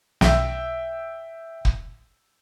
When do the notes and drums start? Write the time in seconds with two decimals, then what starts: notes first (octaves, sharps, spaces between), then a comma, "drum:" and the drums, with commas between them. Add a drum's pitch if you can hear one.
0.21 B1 E5 G5, drum: snare
1.65 drum: kick